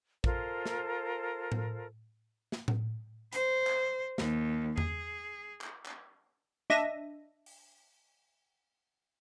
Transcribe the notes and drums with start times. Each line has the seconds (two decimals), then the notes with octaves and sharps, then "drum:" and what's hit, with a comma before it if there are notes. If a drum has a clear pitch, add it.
0.24 F4 A4 A#4 C5, drum: kick A1
0.66 drum: snare
1.52 drum: tom A2
2.52 drum: snare
2.68 drum: tom A2
3.33 C5, drum: hi-hat
3.67 drum: clap
4.18 D#2, drum: snare
4.78 G#4, drum: tom E2
5.61 drum: clap
5.85 drum: clap
6.70 D4 D#5 E5 A#6 D#7, drum: snare
7.46 drum: open hi-hat